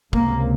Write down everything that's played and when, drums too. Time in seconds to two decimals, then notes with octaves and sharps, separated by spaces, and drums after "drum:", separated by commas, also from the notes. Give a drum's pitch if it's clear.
0.13 C#2 C3 A#3, drum: kick